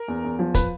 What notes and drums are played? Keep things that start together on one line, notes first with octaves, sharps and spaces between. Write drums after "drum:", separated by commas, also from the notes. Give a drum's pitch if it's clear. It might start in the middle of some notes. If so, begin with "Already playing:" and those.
Already playing: A#4
E2
E2
F3
B4, drum: kick, hi-hat